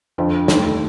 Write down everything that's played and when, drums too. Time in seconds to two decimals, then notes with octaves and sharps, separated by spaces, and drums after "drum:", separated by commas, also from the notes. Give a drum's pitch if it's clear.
0.18 F2 D3 F3
0.48 D#2 D#3 A3, drum: snare